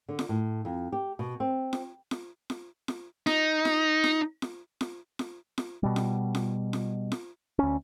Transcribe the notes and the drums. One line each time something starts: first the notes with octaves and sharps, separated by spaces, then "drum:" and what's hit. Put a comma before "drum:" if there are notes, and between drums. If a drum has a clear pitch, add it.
D3
drum: snare F4
A2
F2
G4
B2
C4
drum: snare F4
drum: snare F4
drum: snare F4
drum: snare F4
D#4, drum: snare F4
drum: snare F4
drum: snare F4
drum: snare F4
drum: snare F4
drum: snare F4
drum: snare F4
B2 G3
drum: snare F4
drum: snare F4
drum: snare F4
drum: snare F4
D2 C#4